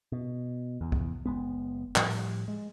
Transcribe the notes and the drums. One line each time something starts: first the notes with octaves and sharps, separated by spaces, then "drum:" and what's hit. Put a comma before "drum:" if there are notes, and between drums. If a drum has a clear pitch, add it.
B2
E2
drum: kick C2
F#1 F2 G#3 B3
A2 F3 G3, drum: clap
drum: open hi-hat
G#3